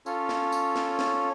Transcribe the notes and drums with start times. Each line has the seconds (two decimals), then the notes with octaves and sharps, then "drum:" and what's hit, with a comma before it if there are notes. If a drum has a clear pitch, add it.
0.06 C#4 F4 A4 C#5, drum: tambourine
0.29 drum: snare
0.52 drum: tambourine
0.76 drum: snare
0.99 drum: snare